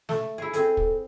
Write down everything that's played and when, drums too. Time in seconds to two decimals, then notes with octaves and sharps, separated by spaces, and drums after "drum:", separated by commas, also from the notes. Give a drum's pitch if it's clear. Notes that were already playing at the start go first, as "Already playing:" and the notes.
0.09 A3, drum: snare
0.38 E4 G#4
0.53 C4 G#4 A4, drum: hi-hat
0.77 drum: kick